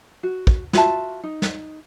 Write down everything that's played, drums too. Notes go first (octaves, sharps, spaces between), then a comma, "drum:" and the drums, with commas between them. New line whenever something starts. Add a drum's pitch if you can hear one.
F#4
drum: kick
F4 F#4 E5 A5, drum: snare
D#4
drum: snare